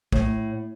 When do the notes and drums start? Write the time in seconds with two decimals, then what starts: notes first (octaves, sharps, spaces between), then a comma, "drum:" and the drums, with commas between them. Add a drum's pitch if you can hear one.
0.12 A2, drum: kick